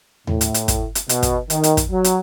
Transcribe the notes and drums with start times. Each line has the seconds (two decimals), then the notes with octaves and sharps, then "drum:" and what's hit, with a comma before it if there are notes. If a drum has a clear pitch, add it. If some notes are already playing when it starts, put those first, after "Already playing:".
0.27 A2, drum: tom D#2
0.41 drum: hi-hat
0.54 drum: hi-hat
0.68 drum: kick, hi-hat
0.95 drum: hi-hat
1.09 B2, drum: hi-hat
1.23 drum: kick, hi-hat
1.50 D#3, drum: hi-hat
1.63 drum: hi-hat
1.77 drum: kick, hi-hat
1.91 F#3
2.04 drum: hi-hat